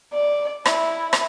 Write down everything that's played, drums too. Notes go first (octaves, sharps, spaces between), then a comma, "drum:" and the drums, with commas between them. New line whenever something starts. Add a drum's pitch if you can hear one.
D5
E4, drum: rim click
drum: rim click